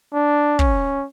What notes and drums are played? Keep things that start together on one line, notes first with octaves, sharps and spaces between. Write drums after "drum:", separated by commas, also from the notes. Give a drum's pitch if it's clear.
D4
C#4, drum: kick